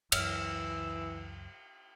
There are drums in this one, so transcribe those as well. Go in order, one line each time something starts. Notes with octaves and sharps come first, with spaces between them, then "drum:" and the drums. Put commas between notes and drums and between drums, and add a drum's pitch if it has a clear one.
C#2 F#2 E3 E6 F6, drum: cymbal